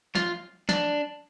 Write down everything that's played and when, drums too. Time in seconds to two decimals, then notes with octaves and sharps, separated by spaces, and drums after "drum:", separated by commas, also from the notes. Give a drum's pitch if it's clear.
0.15 F4, drum: snare
0.69 D4, drum: snare